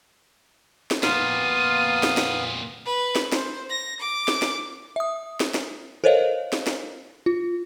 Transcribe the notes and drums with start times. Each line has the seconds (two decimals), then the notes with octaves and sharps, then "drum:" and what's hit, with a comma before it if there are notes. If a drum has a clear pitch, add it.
0.91 drum: snare
1.03 F2 A#2 B3 F4 F5 D#7, drum: snare
2.03 drum: snare
2.17 drum: snare
2.86 B4
3.16 drum: snare
3.32 C5, drum: snare
3.70 A#6
4.00 D6
4.28 drum: snare
4.42 drum: snare
4.96 E5 D#6
5.40 drum: snare
5.54 drum: snare
6.04 A4 A#4 C5 C#5 D#5 F5
6.53 drum: snare
6.67 drum: snare
7.26 F4